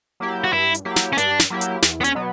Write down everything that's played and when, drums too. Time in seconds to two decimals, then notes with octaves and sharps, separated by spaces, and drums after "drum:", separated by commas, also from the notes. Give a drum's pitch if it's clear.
0.20 F#3 A#3 E4 G4
0.44 F#4
0.53 G2 E4
0.74 drum: hi-hat
0.85 F#3 A#3 E4 G4
0.96 drum: snare
1.13 C#4
1.18 G2 D4, drum: hi-hat
1.39 drum: snare
1.50 F#3 A#3 E4 G4
1.61 drum: hi-hat
1.82 E2, drum: snare
2.01 B3
2.04 C#4, drum: hi-hat
2.15 B2 F#3 B3